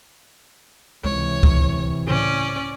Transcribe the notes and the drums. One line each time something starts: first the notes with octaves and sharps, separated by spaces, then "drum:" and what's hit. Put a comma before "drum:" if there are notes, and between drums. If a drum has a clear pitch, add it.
C#2 C3 E3 G#3 C#5
drum: kick C#2
A2 C#3 C#4 D5